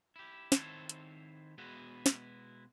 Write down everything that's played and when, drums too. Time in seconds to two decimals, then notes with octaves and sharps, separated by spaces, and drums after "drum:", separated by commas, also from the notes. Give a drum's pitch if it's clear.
0.16 E4 G4
0.52 D#3 C4 E4 A4 C5 C#5, drum: snare
0.89 drum: hi-hat
1.58 B2 G#3 B3 E4 F#4 G#4
2.06 drum: snare